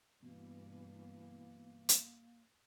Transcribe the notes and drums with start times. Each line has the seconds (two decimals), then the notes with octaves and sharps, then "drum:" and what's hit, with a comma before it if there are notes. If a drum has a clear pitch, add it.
0.22 G2 B2 E3 A#3
1.89 drum: hi-hat